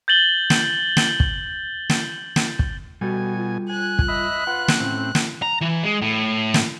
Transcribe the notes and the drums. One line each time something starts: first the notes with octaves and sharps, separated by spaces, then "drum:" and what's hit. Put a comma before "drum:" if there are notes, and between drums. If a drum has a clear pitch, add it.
G6 A6 F#7 G7
drum: snare
drum: snare
drum: kick
drum: snare
drum: snare
drum: kick
B2 G3 F#4 A4 G#5
F4
G#5 F#6
drum: kick
D#5 E5 B5
F4 B4 F#5
drum: snare
A2 C4 C#4
drum: snare
A#5
E3
G#3
A2
drum: snare